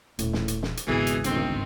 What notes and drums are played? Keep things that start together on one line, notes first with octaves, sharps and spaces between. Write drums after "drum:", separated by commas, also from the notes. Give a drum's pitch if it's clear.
D#1 A2, drum: hi-hat
drum: snare
drum: hi-hat
drum: snare
drum: hi-hat
G#1 C#2 B2 E3 G#4
drum: hi-hat
G1 D#3 C4, drum: hi-hat
drum: tom